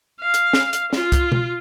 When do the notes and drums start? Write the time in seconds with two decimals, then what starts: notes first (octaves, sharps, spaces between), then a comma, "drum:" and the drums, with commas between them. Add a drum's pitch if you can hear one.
0.20 F5
0.34 drum: hi-hat
0.53 drum: snare
0.73 drum: hi-hat
0.93 F4, drum: snare
1.12 drum: kick C2, hi-hat
1.32 drum: tom B2